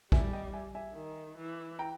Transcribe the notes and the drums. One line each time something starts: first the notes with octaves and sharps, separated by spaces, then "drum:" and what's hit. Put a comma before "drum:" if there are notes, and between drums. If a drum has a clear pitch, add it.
G3 E5 G#5, drum: kick A#1
D#5 G5
E5 G#5
E5 G#5
D#3
E3
G5 A#5